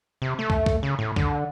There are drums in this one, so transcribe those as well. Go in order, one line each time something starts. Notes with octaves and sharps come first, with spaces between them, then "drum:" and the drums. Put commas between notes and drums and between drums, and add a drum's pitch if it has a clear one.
C3
A3
drum: kick
drum: kick
C#3
A2
D3, drum: kick